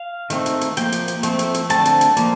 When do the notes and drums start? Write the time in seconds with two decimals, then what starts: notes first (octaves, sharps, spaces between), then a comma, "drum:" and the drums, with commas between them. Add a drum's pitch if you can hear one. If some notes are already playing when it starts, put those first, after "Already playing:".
Already playing: F5
0.30 D#3 A3 C4, drum: hi-hat
0.46 drum: hi-hat
0.61 drum: hi-hat
0.77 F3 A#3 G5, drum: hi-hat
0.92 drum: hi-hat
1.08 drum: hi-hat
1.23 F3 A3 C4, drum: hi-hat
1.39 drum: hi-hat
1.54 drum: hi-hat
1.70 D3 A3 C4 A5, drum: hi-hat
1.85 drum: hi-hat
2.01 drum: hi-hat
2.17 F3 A#3, drum: hi-hat